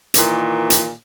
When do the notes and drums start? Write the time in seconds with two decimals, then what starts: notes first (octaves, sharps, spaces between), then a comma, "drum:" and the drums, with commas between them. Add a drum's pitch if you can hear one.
0.14 A#2 D#3 E3, drum: hi-hat
0.70 drum: hi-hat